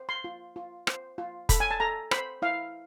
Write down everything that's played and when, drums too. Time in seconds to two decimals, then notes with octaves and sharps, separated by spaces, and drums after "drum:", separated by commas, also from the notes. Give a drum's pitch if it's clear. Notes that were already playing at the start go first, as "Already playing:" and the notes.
Already playing: C5
0.09 C6
0.24 F4
0.56 F4
0.87 C5, drum: rim click
1.18 F4
1.49 A4 B5, drum: kick F1, hi-hat
1.60 G#5
1.71 A5
1.80 A4 A#5
2.11 C5 B5, drum: rim click
2.42 E4 F5